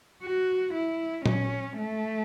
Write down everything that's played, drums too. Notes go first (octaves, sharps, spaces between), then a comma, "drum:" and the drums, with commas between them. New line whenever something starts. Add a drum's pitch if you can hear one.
F#4
E4
C#4, drum: tom A#2
A3